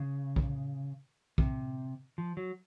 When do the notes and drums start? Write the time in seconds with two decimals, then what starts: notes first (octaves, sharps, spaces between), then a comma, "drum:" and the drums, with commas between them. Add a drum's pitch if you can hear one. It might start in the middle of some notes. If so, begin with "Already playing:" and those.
Already playing: C#3
0.36 drum: kick
1.38 C3, drum: kick
2.18 F3
2.37 F#3